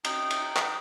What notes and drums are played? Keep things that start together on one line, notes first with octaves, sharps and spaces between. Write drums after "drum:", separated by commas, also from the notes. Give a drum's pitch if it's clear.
D#4 G5, drum: cymbal
drum: cymbal
drum: clap